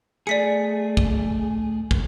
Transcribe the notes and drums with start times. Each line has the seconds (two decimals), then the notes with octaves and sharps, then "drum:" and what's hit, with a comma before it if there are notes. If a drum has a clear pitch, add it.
0.27 A3 G#4 D5 B6 C#7
0.97 drum: kick
1.91 drum: kick